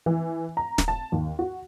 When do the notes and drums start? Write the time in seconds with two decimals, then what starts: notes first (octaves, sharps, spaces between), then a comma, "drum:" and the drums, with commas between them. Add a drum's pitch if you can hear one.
0.06 E3
0.57 A#5
0.78 drum: snare
0.88 A5
1.12 D#2
1.39 F#4